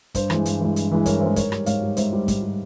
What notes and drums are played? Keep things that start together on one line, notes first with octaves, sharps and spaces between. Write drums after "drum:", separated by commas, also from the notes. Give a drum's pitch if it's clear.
G2 C5, drum: kick, hi-hat
E3 G#3, drum: rim click
G2, drum: hi-hat
E3 G#3
G2, drum: hi-hat
E3 G#3
G2 A#4 C#5, drum: kick, hi-hat
E3 G#3 C5 E5
G#2 A#4 C#5, drum: kick, hi-hat
G3, drum: rim click
G#2 C#5 F5, drum: hi-hat
G3
G#2 C5 E5, drum: hi-hat
G3
G#2, drum: kick, hi-hat
G3